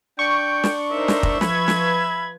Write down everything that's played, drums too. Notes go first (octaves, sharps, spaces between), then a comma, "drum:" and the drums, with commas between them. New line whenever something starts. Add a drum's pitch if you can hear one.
D4 G5 C#6
drum: snare
D#4 A#4 C5 E5
drum: snare
drum: kick
F3 B4 B5 G#6, drum: snare
drum: snare